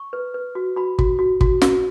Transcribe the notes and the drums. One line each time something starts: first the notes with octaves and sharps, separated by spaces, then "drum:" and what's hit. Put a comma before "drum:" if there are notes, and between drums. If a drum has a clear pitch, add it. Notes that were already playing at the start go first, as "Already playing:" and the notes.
Already playing: C#6
B4
B4
F#4
F#4 B5
F#4, drum: kick
F#4
F#4, drum: kick
F#4, drum: snare